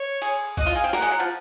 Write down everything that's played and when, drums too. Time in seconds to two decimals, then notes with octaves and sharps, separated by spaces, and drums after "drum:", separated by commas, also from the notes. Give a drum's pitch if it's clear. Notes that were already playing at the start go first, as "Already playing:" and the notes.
Already playing: C#5
0.22 G#4, drum: cymbal
0.57 F#4 D#5, drum: kick A#1, cymbal
0.66 F4
0.75 G#4 F5
0.84 C4
0.93 A#3 F#5, drum: snare
1.02 G#3
1.11 F#3
1.20 F3